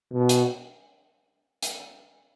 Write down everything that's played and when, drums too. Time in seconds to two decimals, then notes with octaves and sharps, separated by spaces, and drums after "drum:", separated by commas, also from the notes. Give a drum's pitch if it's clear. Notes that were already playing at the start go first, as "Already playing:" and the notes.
0.13 B2
0.29 drum: hi-hat
1.63 drum: hi-hat